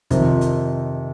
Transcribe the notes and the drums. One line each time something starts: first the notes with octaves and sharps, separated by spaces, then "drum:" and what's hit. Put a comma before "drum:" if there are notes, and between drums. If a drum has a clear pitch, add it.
F2 C3 D#3, drum: kick, hi-hat
drum: hi-hat